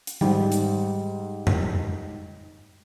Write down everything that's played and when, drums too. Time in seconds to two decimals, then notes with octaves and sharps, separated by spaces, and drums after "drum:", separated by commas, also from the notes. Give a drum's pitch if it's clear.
0.07 drum: hi-hat
0.21 G#2 G3, drum: tom D#3
0.52 drum: hi-hat
1.47 drum: tom F2